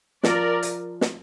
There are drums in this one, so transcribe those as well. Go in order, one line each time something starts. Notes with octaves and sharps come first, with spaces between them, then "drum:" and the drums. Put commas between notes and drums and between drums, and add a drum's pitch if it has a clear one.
F3 A#4 D5, drum: snare
drum: hi-hat
drum: snare